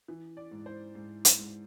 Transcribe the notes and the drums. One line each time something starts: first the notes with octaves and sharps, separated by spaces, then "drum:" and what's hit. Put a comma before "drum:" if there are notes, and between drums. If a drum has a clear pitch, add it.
E3
D5
G#2
C5
G#2
drum: hi-hat
G#2